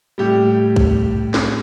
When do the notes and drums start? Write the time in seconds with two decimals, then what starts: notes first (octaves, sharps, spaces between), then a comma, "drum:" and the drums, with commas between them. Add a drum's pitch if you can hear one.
0.18 A2 G3 G4
0.76 drum: kick A#1
1.34 drum: snare